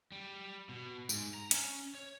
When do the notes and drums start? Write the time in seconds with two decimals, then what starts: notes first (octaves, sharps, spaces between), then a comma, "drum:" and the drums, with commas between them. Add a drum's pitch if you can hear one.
0.12 G3
0.69 B2
1.09 G#2, drum: tambourine
1.34 A#5
1.51 C#4, drum: hi-hat
1.95 C#5